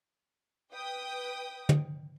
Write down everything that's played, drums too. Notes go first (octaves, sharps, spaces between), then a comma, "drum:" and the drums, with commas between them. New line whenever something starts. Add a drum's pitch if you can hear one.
B4 G5 D#6
drum: tom